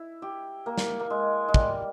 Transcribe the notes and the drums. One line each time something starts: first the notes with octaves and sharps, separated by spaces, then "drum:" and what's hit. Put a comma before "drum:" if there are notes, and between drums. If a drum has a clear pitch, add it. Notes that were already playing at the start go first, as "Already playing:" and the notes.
Already playing: E4
G4
A#3
drum: snare
A#3
G#3
G#3
G3, drum: kick